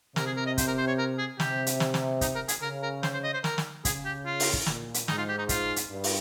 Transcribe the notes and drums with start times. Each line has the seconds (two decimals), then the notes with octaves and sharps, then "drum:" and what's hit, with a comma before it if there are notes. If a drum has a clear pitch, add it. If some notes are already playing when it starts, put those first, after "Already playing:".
0.16 C3 A#4, drum: snare
0.26 G#4
0.36 A#4
0.47 D#5
0.58 C5, drum: kick, hi-hat
0.68 A#4
0.78 C5
0.88 C#5
0.98 A#4
1.19 G#4
1.40 C3 G4, drum: snare
1.67 drum: hi-hat
1.80 drum: snare
1.94 drum: snare
2.21 D#4, drum: kick, hi-hat
2.35 A#4
2.48 G#4, drum: hi-hat
2.62 C#3 A#4
2.83 A#4
3.03 C5, drum: snare
3.13 C5
3.24 D#5
3.34 C5
3.44 A#4, drum: snare
3.58 drum: snare
3.85 C#3 G#4, drum: kick, hi-hat
4.06 G4
4.26 F4
4.40 drum: open hi-hat
4.53 drum: kick
4.66 A#2, drum: snare
4.94 drum: hi-hat
5.08 G#2 D#4, drum: snare
5.18 F4
5.29 G4
5.38 D#4
5.49 F4, drum: kick, hi-hat
5.76 drum: hi-hat
5.90 G2
6.04 drum: open hi-hat